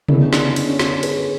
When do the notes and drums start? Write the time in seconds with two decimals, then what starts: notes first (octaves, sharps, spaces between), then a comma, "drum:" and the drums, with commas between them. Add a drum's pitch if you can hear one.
0.08 D3 G#3 B3 C#4 E4, drum: tom C3
0.23 C#4
0.33 D4, drum: snare
0.49 D4
0.56 C#4, drum: cymbal
0.68 C#4
0.79 D4, drum: snare
1.03 G#4 B4, drum: cymbal